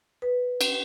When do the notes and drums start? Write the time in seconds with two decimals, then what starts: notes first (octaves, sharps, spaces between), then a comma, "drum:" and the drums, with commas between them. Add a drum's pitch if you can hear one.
0.22 B4
0.61 drum: cymbal